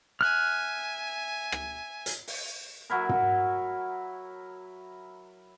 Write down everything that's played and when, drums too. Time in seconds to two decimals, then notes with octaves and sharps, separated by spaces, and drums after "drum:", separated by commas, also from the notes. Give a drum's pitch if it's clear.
0.21 E5 G#5 F6 F#6
1.52 drum: rim click
2.06 drum: hi-hat
2.27 drum: open hi-hat
2.90 F#3 E4 A#4
3.09 drum: tom